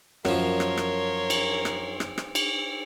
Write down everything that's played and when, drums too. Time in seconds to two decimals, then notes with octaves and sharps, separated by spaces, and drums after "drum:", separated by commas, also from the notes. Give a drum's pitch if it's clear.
0.25 F#2 F3 A#4 C#5 C6, drum: rim click
0.60 drum: rim click
0.77 drum: rim click
1.30 drum: cymbal
1.65 drum: rim click
2.00 drum: rim click
2.18 drum: rim click
2.35 drum: cymbal